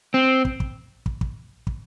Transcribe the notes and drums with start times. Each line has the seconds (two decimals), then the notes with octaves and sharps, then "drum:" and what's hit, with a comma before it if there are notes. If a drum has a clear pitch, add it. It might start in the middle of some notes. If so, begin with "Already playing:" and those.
0.14 C4
0.45 drum: kick
0.60 drum: kick
1.06 drum: kick
1.21 drum: kick
1.67 drum: kick